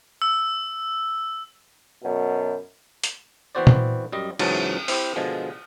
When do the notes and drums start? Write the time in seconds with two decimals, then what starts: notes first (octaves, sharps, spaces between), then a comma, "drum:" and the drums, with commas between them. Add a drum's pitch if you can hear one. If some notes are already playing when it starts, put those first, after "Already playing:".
0.22 E6
2.02 F#2 B2
3.04 drum: hi-hat
3.55 E3 B3 C4 F#4 C5 D5
3.67 drum: tom A#2
4.12 F#2 G3 D#5
4.39 C#2 G#2 E3 F#3 A5, drum: cymbal
4.88 C4 E4 G4 C5, drum: open hi-hat
5.16 B2 D3 F3 G#3